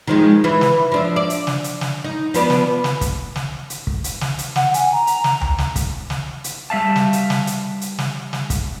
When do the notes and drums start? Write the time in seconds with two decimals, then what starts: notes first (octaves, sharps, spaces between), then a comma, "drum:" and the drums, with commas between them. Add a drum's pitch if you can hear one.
0.07 D#3 F3 G#3
0.44 E3 E4
0.61 drum: snare
0.92 F3 D4 E5
1.16 D5
1.30 drum: hi-hat
1.47 drum: snare
1.64 drum: hi-hat
1.81 drum: snare
2.04 D#4
2.34 F3 B3 D4, drum: hi-hat
2.50 drum: snare
2.84 drum: snare
3.01 drum: kick, hi-hat
3.36 drum: snare
3.70 drum: hi-hat
3.87 drum: kick
4.04 drum: hi-hat
4.21 drum: snare
4.38 drum: hi-hat
4.56 F#5, drum: snare
4.74 G#5, drum: hi-hat
4.92 A#5
5.07 drum: hi-hat
5.24 drum: snare
5.41 drum: tom D2
5.58 drum: snare
5.76 drum: kick, hi-hat
6.10 drum: snare
6.44 drum: hi-hat
6.70 G3 E5 F5 A5
6.96 drum: snare
7.13 drum: hi-hat
7.30 drum: snare
7.47 drum: hi-hat
7.81 drum: hi-hat
7.99 drum: snare
8.33 drum: snare
8.50 drum: kick, hi-hat